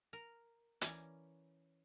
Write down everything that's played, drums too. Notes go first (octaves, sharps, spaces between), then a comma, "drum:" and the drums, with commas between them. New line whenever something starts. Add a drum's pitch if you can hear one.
A#4
E3 C#4 A#4 D5, drum: hi-hat